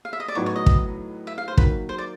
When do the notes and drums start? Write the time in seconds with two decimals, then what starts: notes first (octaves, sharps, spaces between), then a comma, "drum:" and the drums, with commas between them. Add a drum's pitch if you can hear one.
0.05 F5
0.13 E5
0.20 D#5
0.28 D5
0.35 A2 F#3 B3 D#4 C#5
0.46 C#5
0.56 D#5
0.66 drum: kick
1.27 E5
1.38 F5
1.48 C5
1.57 D#3 F#3 A#3 B4, drum: kick
1.89 C5
1.98 D5